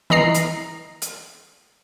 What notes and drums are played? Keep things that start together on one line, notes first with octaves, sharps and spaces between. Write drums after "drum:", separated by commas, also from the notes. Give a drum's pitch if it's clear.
E3 D#5 A#5 C7, drum: snare
drum: hi-hat
drum: hi-hat